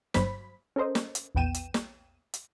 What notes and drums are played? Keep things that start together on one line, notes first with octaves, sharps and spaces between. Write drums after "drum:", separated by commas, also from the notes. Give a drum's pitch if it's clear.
G1 G2 F#3 C5 B5 B6, drum: snare
C#4 A4 A#4 C5 D#5
drum: snare
drum: hi-hat
A#1 E2 B3 G5 D#7 E7
drum: hi-hat
drum: snare
drum: hi-hat